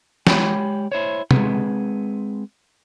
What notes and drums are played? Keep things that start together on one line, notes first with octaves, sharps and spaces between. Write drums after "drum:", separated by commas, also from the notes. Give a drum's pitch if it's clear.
G#3 G4 C#5 G5 B5, drum: snare
E4 C5 C#5
G#3 C4 G#4 B4 F#5, drum: tom